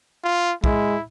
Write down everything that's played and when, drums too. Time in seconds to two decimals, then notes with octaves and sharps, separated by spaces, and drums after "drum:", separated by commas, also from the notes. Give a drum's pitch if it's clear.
0.24 F4
0.64 G#3 E4, drum: kick